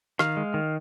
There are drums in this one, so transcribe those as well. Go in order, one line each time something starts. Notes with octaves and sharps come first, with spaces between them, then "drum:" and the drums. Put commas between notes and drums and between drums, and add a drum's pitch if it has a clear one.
D#3 F5, drum: rim click
G#3
D#3